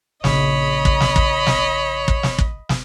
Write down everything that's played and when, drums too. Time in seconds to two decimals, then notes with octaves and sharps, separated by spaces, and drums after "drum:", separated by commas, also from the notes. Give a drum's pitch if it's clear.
0.24 A#1 C#3 C#5 D#5 B5, drum: snare
0.85 drum: kick
1.01 drum: snare
1.16 drum: kick
1.47 drum: snare
2.08 drum: kick
2.23 drum: snare
2.39 drum: kick
2.69 drum: snare